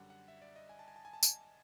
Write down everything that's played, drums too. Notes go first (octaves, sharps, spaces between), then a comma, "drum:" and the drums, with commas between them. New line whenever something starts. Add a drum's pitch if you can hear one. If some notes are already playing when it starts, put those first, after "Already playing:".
Already playing: F#2 D3 G3 F#5
F#5
E5
D5
D#5
G#5
A5
G#5
A5
G#5
A5
G#5, drum: tambourine